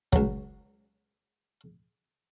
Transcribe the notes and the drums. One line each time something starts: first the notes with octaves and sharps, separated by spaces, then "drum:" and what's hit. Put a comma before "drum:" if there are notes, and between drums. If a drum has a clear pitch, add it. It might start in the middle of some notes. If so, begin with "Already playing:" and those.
C#2 F#3, drum: kick